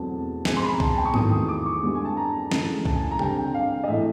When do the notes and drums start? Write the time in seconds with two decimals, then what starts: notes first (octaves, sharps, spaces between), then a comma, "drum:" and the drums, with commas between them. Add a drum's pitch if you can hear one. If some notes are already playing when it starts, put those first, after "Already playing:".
Already playing: E2 B2 F#3 A3 C4 A5
0.45 B2 G#3 C4 G#5, drum: snare
0.57 C6
0.64 B5
0.72 A#5
0.80 A5, drum: kick B1
0.88 G#5
0.97 G5
1.05 C#6
1.14 E2 C3 D#3 F#3 A3 D#6, drum: tom G#2
1.31 D#6
1.49 D6
1.66 C#6
1.83 D3 G3 B3
1.95 G#5
2.05 A5
2.17 A#5
2.51 C#3 E3 A3, drum: snare
2.85 A5, drum: kick B1
2.94 G#5
3.03 A5
3.11 A#5
3.19 D3 G3 C4 G5, drum: tom C3
3.37 G5
3.54 F5
3.84 D#5
3.88 A2 E3 A3 E5